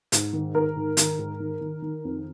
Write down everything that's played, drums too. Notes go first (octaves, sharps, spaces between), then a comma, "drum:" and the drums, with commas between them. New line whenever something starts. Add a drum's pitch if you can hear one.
G#2, drum: hi-hat
D#3
D#3 A#4
G#2
D#3, drum: hi-hat
G#2
D#3
D#3
D#3
F2